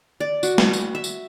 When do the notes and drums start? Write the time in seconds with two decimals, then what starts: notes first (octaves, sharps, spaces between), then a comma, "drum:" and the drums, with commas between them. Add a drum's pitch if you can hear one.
0.20 D5
0.43 F#4, drum: tambourine
0.58 drum: snare
0.73 drum: tambourine
0.95 E5
1.04 drum: tambourine